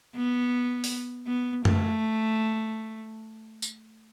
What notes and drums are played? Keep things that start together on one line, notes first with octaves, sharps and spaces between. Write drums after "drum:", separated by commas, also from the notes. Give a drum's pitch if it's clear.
B3
drum: open hi-hat
B3
A3, drum: tom F#2
drum: tambourine